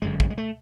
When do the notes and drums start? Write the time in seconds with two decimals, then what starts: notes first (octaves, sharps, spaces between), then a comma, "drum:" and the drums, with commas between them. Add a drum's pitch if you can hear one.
0.02 G1 F#2 D3 G#3
0.20 G#3, drum: kick
0.30 G#3
0.38 A3